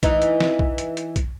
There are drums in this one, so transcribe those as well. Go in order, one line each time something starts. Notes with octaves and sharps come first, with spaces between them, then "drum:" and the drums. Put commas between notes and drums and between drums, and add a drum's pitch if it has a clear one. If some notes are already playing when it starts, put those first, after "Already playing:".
E3 D#4, drum: kick B1, hi-hat
drum: hi-hat
drum: snare
drum: kick B1
drum: hi-hat
drum: hi-hat
drum: kick B1, hi-hat